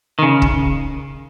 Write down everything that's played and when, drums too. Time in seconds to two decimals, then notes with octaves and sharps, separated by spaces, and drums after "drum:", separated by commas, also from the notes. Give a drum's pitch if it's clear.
0.19 D#3
0.23 C#3
0.42 drum: kick